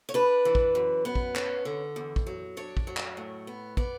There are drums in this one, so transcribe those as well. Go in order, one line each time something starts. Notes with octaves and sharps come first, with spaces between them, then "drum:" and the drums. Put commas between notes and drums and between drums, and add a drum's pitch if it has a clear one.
C#5
D4 B4
E3
drum: kick
F#2
B3
drum: kick
C#4, drum: clap
D3
E2
drum: kick
F#3
D4 C#5
drum: kick
F#3
drum: clap
A2
B3
B3 D5, drum: kick